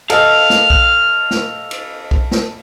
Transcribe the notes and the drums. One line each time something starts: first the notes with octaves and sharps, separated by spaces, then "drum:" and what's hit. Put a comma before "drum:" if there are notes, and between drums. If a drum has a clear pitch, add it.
A4 D#5 F5, drum: cymbal
drum: snare
drum: kick B1
drum: snare
drum: cymbal
drum: kick B1
drum: snare